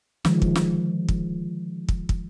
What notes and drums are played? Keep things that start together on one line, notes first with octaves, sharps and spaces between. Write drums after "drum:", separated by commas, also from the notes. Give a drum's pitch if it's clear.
D3 D#3 F3 G#3, drum: snare
drum: kick
drum: snare
drum: kick
drum: kick
drum: kick